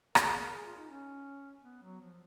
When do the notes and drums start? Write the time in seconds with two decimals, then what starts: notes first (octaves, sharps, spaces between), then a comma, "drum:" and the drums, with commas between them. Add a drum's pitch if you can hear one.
0.15 A#4, drum: rim click
0.27 G#4
0.39 A#4
0.53 G#4
0.65 F4
0.77 D#4
0.90 C#4
1.63 B3
1.82 F#3
2.01 F3